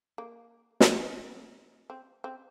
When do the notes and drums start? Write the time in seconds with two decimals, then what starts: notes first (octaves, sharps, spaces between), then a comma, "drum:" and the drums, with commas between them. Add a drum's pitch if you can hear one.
0.18 A#3
0.80 drum: snare
1.90 C4
2.24 C4